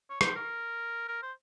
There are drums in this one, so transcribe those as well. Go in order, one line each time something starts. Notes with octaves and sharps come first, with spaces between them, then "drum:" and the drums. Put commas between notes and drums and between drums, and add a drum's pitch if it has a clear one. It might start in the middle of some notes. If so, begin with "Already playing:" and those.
C#5
C5, drum: rim click
A#4
A#4
C5